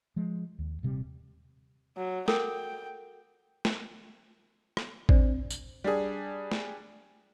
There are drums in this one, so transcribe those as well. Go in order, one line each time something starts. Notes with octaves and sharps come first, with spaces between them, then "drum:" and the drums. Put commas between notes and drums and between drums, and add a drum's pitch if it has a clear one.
F3 G#3
D#2
D#1 C3 G3
F#3
A4 A#4 G5, drum: snare
drum: snare
drum: rim click
C4 D4 C5 D5, drum: kick G#1
drum: tambourine
G3 D4 G#4
drum: snare